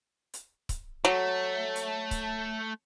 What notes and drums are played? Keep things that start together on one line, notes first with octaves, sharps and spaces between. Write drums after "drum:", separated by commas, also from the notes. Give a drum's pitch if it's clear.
drum: hi-hat
drum: kick C#1, hi-hat
F#3 A3
drum: hi-hat
drum: kick C#1, hi-hat